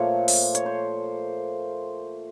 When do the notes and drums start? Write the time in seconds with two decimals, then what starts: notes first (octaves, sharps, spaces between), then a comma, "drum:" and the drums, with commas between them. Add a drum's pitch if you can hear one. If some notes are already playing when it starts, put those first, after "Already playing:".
Already playing: A#2 F3 A3 C#5
0.28 drum: open hi-hat
0.55 C#5, drum: hi-hat
0.66 C5